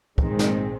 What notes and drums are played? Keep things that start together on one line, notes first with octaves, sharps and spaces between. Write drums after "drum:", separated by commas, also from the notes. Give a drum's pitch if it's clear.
A#1 G#2 D#3 G#3 C4, drum: kick
drum: snare